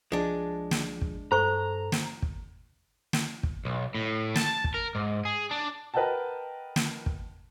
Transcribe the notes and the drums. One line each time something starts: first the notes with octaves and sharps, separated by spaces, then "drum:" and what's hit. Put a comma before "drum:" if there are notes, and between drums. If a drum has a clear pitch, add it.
C2 F3 G#3 D4 G#4
drum: snare
drum: kick
G2 A4 C5 A#5 C#6
drum: snare
drum: kick
drum: snare
drum: kick
B1
A2
A5, drum: snare
drum: kick
A#4
G#2
G#4
D4
A#4 B4 D#5 F#5 G5 A5
drum: snare
drum: kick